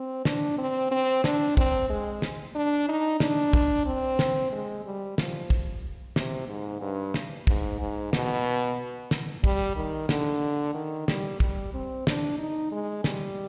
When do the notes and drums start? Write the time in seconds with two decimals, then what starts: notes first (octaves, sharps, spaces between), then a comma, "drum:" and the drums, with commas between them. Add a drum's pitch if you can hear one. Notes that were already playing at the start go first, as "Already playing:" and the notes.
Already playing: C4
0.25 D4, drum: snare
0.58 C4
0.91 C4
1.24 D4, drum: snare
1.57 C4, drum: kick
1.90 G#3
2.22 drum: snare
2.55 D4
2.88 D#4
3.20 D4, drum: snare
3.53 drum: kick
3.86 C4
4.19 drum: snare
4.52 G#3
4.85 G3
5.18 F3, drum: snare
5.50 drum: kick
6.16 C3, drum: snare
6.48 G#2
6.81 G2
7.14 drum: snare
7.47 G#2, drum: kick
7.80 G#2
8.13 B2, drum: snare
9.11 drum: snare
9.44 G3, drum: kick
9.76 D#3
10.09 D3, drum: snare
10.75 D#3
11.08 G3, drum: snare
11.40 G3, drum: kick
11.74 C4
12.07 D4, drum: snare
12.39 D#4
12.72 G#3
13.04 G3, drum: snare